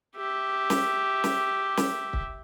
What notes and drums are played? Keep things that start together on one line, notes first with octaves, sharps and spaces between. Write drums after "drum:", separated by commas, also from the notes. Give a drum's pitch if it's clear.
G4 E5
drum: snare
drum: snare
drum: snare
drum: kick